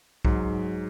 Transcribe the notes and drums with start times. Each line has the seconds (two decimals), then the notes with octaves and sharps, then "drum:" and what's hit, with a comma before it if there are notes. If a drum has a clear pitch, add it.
0.25 G#2 F#3, drum: kick